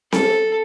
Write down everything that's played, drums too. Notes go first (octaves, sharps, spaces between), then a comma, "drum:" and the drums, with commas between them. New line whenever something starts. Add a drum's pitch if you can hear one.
A4, drum: snare C4